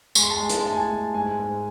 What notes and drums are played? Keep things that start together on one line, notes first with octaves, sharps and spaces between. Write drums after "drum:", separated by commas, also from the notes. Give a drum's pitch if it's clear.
G#3 C#6, drum: tambourine
C6
A5
G#3 C6
drum: hi-hat
A2 A5
G#5
A5
G#3
G#2 G#5
G#2